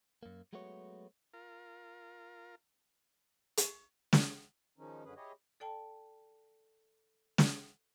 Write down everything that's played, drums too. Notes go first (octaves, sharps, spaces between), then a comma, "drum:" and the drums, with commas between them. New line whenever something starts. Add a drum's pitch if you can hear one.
F#2 A#3
F#3 G#3 A3 B3 F#4 C#5
F4 A#4
drum: hi-hat
drum: snare
D#3 F3 G#3 C#4 D#4
F#2 D3 C#4 G#4 B4
E4 G4 G#4 C#5 D#5
A4 D5 G5 A5
drum: snare